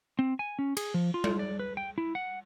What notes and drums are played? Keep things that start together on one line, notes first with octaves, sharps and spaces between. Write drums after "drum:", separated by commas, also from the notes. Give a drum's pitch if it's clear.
C4
G#5
C#4
G#4, drum: cymbal
F3
F4
drum: tom G3
D5
B4
G5
E4
F#5